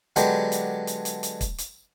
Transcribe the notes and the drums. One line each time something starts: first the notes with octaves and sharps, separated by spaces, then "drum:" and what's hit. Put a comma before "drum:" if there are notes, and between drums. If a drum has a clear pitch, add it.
D3 F#3 G#3 B3 D4 G4, drum: hi-hat
drum: hi-hat
drum: hi-hat
drum: hi-hat
drum: hi-hat
drum: kick, hi-hat
drum: hi-hat